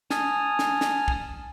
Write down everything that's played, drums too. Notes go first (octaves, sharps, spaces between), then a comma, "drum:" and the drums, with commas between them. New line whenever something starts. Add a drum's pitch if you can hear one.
G#5 A5 D#6 F6, drum: snare
drum: snare
drum: snare
drum: kick